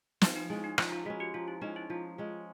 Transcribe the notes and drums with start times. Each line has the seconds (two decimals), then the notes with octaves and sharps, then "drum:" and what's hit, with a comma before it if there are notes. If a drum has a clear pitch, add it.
0.21 F3 D#4, drum: snare
0.36 D#4
0.50 G#3 C#4 E4
0.64 D#4
0.78 F3 F4, drum: rim click
0.92 F4
1.05 G#3 C#4 F#4
1.20 G4
1.34 F3 F4
1.48 E4
1.61 G#3 C#4 D#4
1.76 E4
1.90 F3 F4
2.18 G#3 C#4